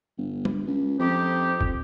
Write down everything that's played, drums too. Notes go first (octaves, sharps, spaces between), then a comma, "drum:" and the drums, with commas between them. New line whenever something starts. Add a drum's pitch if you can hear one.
G1
drum: tom
C#2
F2 C4 D#4 G4
drum: kick